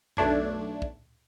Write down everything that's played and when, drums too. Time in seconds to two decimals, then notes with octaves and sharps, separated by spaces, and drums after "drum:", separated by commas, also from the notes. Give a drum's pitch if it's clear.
0.17 B1 A3 D4 G#6, drum: tom F2
0.82 drum: kick